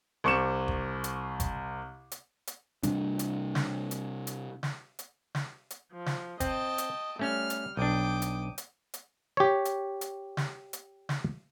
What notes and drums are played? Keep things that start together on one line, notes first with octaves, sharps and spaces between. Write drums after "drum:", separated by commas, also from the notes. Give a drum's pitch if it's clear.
C2 C4 C#6 D6 C#7 E7
drum: kick
drum: hi-hat
drum: kick, hi-hat
drum: hi-hat
drum: hi-hat
C3 G3 D4, drum: hi-hat
drum: hi-hat
drum: snare
drum: hi-hat
drum: hi-hat
drum: snare
drum: hi-hat
drum: snare
drum: hi-hat
F3
drum: snare
C4 D#5 G5 A5, drum: kick, hi-hat
drum: hi-hat
G3 A3 C#4 F6
drum: hi-hat
B1 D4 G5 D6 D#6
drum: hi-hat
drum: hi-hat
drum: hi-hat
G4 C#5
drum: hi-hat
drum: hi-hat
drum: snare
drum: hi-hat
drum: snare